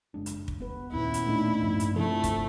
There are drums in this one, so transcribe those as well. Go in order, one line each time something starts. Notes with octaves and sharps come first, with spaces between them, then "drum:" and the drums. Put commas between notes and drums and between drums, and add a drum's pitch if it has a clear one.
F#1 G#3 D4
drum: hi-hat
drum: kick
B3 B4
D#2 A#2 A#3 B3 C#4 E4
drum: hi-hat
A2 A3 A#3 D4 D#4
A#1 G2 F3
drum: hi-hat
G1 C3 F3 A3 E4 A4
drum: kick, hi-hat